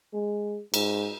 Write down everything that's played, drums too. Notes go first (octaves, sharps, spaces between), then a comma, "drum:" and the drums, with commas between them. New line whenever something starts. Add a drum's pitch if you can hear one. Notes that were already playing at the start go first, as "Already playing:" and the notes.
G#3
G#2, drum: cymbal